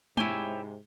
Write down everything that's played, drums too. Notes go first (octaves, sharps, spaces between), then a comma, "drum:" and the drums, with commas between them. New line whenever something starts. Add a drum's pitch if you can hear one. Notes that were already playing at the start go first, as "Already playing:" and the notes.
G#2 C3 E4 G4 C#5 E5 G#5 G7, drum: tom G#3